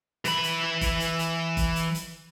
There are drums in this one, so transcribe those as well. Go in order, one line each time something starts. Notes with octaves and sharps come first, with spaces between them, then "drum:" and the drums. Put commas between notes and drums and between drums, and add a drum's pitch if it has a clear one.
E3 B5, drum: hi-hat
drum: hi-hat
drum: kick, hi-hat
drum: hi-hat
drum: hi-hat
drum: kick, hi-hat
drum: hi-hat
drum: hi-hat